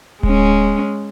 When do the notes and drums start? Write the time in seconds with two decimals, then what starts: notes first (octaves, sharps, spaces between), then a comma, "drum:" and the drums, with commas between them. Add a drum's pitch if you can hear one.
0.23 G#3 C#4, drum: kick D1